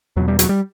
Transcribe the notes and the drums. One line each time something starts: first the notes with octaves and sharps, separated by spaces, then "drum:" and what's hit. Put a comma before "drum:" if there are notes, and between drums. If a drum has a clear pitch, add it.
E2 B2 F#3
G3
F#3, drum: hi-hat
G3